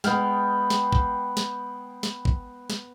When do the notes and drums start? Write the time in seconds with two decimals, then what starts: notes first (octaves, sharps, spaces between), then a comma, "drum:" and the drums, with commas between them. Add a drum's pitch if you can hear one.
0.04 G#3 B3 G5 F6, drum: snare
0.70 drum: snare
0.93 drum: kick G#1
1.37 drum: snare
2.03 drum: snare
2.25 drum: kick G#1
2.70 drum: snare